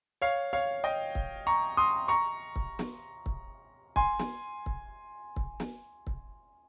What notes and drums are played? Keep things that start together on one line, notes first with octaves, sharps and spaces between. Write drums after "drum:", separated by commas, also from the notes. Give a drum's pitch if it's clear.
C#5 F5
C#5 F5
D#5 G5
drum: kick
A#5 C#6
C6 D#6
A#5 C#6
drum: kick
drum: snare
drum: kick
G#5 C6, drum: kick
drum: snare
drum: kick
drum: kick
drum: snare
drum: kick